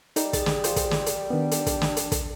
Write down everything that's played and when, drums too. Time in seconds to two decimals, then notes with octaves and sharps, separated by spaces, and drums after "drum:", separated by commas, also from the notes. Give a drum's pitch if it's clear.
0.16 G3 D#4, drum: hi-hat
0.33 G#4 A6, drum: kick, hi-hat
0.46 drum: snare
0.64 F4 C5, drum: hi-hat
0.76 drum: kick, hi-hat
0.91 drum: snare
1.06 drum: hi-hat
1.30 D#3 B3 D4
1.51 drum: hi-hat
1.66 drum: kick, hi-hat
1.82 drum: snare
1.97 drum: hi-hat
2.12 drum: kick, hi-hat